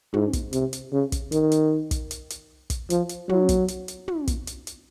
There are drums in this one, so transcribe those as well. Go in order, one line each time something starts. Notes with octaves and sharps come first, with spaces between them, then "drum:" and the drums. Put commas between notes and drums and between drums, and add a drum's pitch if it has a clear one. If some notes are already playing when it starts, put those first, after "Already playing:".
G#2, drum: tom
drum: kick, hi-hat
C3, drum: hi-hat
drum: hi-hat
C#3
drum: kick, hi-hat
D#3, drum: hi-hat
drum: hi-hat
drum: kick, hi-hat
drum: hi-hat
drum: hi-hat
drum: kick, hi-hat
F3, drum: hi-hat
drum: hi-hat
F#3, drum: tom
drum: kick, hi-hat
drum: hi-hat
drum: hi-hat
drum: tom
drum: kick, hi-hat
drum: hi-hat
drum: hi-hat